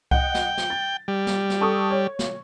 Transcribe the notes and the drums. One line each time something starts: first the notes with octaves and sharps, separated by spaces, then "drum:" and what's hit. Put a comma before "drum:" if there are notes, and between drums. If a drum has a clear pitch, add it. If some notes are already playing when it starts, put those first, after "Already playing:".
D#5 F#5 G5, drum: kick C2
drum: snare
drum: snare
A6
G3
drum: snare
drum: snare
A4 C#6 D#6
C#5
drum: snare